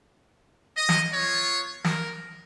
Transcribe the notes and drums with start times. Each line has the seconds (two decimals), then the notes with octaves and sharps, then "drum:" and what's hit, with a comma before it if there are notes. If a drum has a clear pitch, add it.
0.77 D#5
0.89 drum: snare
1.13 B3 F4 C#5
1.84 A#4, drum: snare